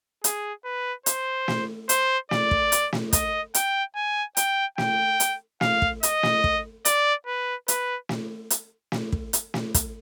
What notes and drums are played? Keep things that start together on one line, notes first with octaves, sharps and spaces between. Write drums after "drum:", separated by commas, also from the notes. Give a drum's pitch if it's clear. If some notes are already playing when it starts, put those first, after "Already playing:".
G#4, drum: hi-hat
B4
C5, drum: hi-hat
drum: snare
C5, drum: hi-hat
D5, drum: snare
drum: kick
drum: hi-hat
drum: snare
D#5, drum: kick, hi-hat
G5, drum: hi-hat
G#5
G5, drum: hi-hat
G5, drum: snare
drum: hi-hat
F5, drum: snare
drum: kick
D#5, drum: hi-hat
drum: snare
drum: kick
D5, drum: hi-hat
B4
B4, drum: hi-hat
drum: snare
drum: hi-hat
drum: snare
drum: kick
drum: hi-hat
drum: snare
drum: kick, hi-hat